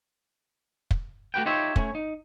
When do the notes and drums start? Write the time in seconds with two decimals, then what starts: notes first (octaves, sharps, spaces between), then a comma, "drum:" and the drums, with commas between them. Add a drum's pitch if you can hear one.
0.91 drum: kick
1.34 A3 F#4 G4 B4 G5
1.46 D#4 F4 G4 C5 C#5 E5
1.76 A3 C#4 E4 C#5, drum: kick
1.95 D#4